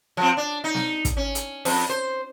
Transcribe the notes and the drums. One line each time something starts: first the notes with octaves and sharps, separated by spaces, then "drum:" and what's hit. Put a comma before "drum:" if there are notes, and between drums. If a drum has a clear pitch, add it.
F3 C4
D4
D#4
drum: snare
drum: kick, hi-hat
C#4
drum: hi-hat
F2, drum: open hi-hat
C5